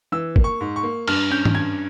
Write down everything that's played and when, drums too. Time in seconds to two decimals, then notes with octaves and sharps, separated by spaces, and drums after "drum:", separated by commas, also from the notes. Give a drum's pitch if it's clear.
0.12 E3 E6
0.36 A#3, drum: kick
0.44 C#6
0.61 G#2
0.76 C#6
0.83 A#3
1.08 G2 F6, drum: cymbal
1.31 C#4 G6
1.45 drum: tom
1.55 G2 G#6